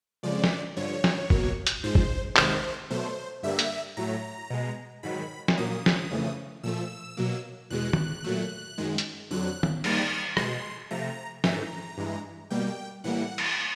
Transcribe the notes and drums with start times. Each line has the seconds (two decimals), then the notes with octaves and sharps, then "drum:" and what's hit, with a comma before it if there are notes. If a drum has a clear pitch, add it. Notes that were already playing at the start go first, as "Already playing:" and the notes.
0.23 F2 C#3 F3 G#3 D5
0.44 drum: snare
0.77 G2 D3 F3 C#5
1.04 drum: snare
1.30 B2 F#3 A#3, drum: kick
1.67 drum: hi-hat
1.84 G#2 F3 G#3 C5
1.95 drum: kick
2.36 C3 D#3 G#3 C5, drum: clap
2.90 B2 F#3 A3 C5
3.43 G2 D3 G3 A#3 E5
3.59 drum: hi-hat
3.97 A2 F#3 A3 A#5
4.50 B2 G#3
5.03 G#2 D#3 F#3 B5
5.48 drum: snare
5.58 A#2 F#3 A#3 D#6
5.86 drum: snare
6.11 F2 C#3 E3 A3
6.63 A#2 F3 A3 E6
7.17 B2 F#3 A#3
7.70 E2 B2 G#3 F#6
7.93 drum: tom
8.24 A#2 F#3 A3
8.78 F#2 D#3 G#3
8.98 drum: hi-hat
9.31 F2 D3 F#3 F#6
9.63 drum: tom
9.84 G#2 D#3 G3 A#3 F6, drum: cymbal
10.37 B2 G#3 C6, drum: rim click
10.91 C3 F3 A3 A#5
11.44 G#2 E3 A3 A#5, drum: snare
11.98 G2 E3 G#3
12.50 B2 G3 A#3 G5
13.04 A2 E3 G3 A#3 F#5
13.38 drum: cymbal